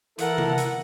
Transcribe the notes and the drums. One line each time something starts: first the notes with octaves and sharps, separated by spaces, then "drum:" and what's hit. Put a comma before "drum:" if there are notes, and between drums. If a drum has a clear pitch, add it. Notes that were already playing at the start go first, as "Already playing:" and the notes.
E3 E4 A4 A#4 F#5, drum: hi-hat
drum: tom C3
drum: hi-hat